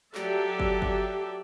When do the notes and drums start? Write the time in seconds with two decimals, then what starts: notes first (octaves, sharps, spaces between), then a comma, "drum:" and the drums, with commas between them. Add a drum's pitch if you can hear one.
0.15 F#3 G4 A4 D5 E5, drum: clap
0.60 drum: kick
0.82 drum: kick